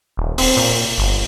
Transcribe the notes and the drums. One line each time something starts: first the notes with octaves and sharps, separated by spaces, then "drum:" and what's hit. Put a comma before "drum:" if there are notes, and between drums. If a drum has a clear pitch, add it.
D#1
C4, drum: open hi-hat
A#2
G1